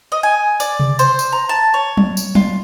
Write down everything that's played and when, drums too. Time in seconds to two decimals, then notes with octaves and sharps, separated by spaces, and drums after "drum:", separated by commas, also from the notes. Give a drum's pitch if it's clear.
0.12 D#5
0.23 G#5
0.60 D5, drum: tambourine
0.80 drum: tom C3
0.99 C5, drum: tambourine
1.19 drum: tambourine
1.32 A#5
1.49 A5
1.74 C#5
1.97 drum: tom F#3
2.17 drum: tambourine
2.35 F4, drum: tom F#3